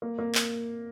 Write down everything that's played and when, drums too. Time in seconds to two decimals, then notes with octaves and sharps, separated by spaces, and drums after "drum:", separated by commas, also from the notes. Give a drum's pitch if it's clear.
0.02 A#3
0.19 A#3
0.35 drum: clap